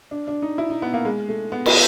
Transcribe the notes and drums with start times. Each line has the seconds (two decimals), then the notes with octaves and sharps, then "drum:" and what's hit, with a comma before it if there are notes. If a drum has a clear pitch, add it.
0.11 D4
0.28 D4
0.42 D#4
0.58 E4
0.70 D#4
0.82 B3
0.94 A#3
1.05 G#3
1.29 A3
1.52 B3
1.66 drum: cymbal